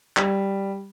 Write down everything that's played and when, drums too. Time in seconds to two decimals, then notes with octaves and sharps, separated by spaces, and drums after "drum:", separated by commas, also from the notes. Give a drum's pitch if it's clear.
0.17 G3, drum: clap